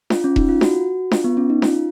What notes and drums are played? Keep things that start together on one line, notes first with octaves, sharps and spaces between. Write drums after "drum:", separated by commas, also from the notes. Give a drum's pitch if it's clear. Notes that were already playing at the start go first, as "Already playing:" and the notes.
F4, drum: snare D4
C#4
D#4, drum: kick E1
F4
F#4, drum: snare D4
F4, drum: snare D4
B3
C#4
D#4
F4, drum: snare D4